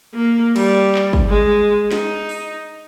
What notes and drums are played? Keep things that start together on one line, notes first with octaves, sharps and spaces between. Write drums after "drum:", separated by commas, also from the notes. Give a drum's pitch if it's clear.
A#3
G3, drum: cymbal
drum: clap
drum: kick
G#3
D#4, drum: snare
drum: open hi-hat